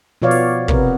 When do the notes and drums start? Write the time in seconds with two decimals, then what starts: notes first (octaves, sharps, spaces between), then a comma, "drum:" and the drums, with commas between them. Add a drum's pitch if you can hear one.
0.22 B2 F3 B3 C#5 D5 F5
0.31 drum: open hi-hat
0.68 C3 B3 A#4, drum: kick